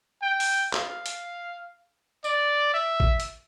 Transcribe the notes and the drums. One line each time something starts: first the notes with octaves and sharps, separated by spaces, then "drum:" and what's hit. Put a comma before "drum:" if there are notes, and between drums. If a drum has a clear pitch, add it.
G5
drum: open hi-hat
F5, drum: clap
drum: hi-hat
D5, drum: tambourine
E5
drum: kick
drum: hi-hat